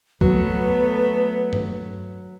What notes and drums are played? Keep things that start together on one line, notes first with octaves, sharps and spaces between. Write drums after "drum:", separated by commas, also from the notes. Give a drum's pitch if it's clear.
F#3 A3 B3 B4, drum: kick
drum: tom G2